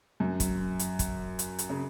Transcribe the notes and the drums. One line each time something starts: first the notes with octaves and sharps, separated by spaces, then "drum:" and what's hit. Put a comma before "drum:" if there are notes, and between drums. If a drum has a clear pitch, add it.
F#2
drum: kick, hi-hat
drum: hi-hat
drum: kick, hi-hat
drum: hi-hat
drum: hi-hat
C#3